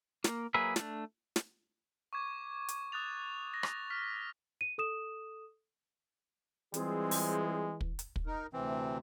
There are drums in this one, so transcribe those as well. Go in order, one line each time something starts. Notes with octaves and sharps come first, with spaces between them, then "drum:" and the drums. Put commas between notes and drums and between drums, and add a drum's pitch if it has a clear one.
A#3, drum: snare
F#3 A#3 G#4 B4 E5
A3 D4, drum: snare
drum: snare
C#6 D6 G#6
drum: hi-hat
D#6 F#6 A6 F7
A#6
drum: rim click
F6 B6
D#7
A4 D#6 E7
E3 G3 G#3 C4 F4 G#4, drum: hi-hat
drum: open hi-hat
drum: kick
drum: hi-hat
drum: kick
D#4 A#4
D2 C3 E3 C4